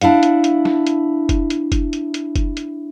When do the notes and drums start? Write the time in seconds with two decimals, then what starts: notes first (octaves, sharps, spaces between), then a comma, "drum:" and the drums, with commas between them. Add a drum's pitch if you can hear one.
0.01 D4 E4 F5 F#5, drum: hi-hat
0.23 drum: hi-hat
0.44 drum: hi-hat
0.65 drum: snare
0.87 drum: hi-hat
1.29 drum: kick, hi-hat
1.50 drum: hi-hat
1.72 drum: kick, hi-hat
1.93 drum: hi-hat
2.14 drum: hi-hat
2.36 drum: kick, hi-hat
2.57 drum: hi-hat